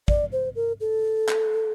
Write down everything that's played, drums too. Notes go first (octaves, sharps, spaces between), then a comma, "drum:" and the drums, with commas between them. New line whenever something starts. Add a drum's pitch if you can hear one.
D5, drum: kick
C5
A#4
A4
drum: clap